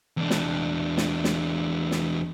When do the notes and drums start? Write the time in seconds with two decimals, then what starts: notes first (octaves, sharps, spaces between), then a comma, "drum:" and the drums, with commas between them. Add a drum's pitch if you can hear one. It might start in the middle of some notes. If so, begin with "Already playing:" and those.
0.17 E2 D4
0.30 drum: snare
0.97 drum: snare
1.24 drum: snare
1.91 drum: snare